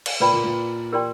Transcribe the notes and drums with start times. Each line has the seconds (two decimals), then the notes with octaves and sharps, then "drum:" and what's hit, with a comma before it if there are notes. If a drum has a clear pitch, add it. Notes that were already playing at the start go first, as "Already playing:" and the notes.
0.06 drum: cymbal
0.20 A#2 A#3 B4 D5 G5 B5
0.32 A#2 A#3
0.44 A#2 A#3
0.92 G4 A#4 D5 G5 C6